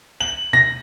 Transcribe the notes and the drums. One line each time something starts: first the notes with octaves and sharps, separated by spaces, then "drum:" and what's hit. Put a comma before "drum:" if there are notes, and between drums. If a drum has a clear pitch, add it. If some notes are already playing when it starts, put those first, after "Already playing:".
F#7
A#6, drum: tom